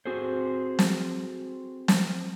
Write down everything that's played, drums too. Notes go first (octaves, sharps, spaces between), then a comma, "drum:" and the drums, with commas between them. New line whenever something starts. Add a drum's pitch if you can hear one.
C4 F#4 G#4 A4 C5
drum: snare
drum: snare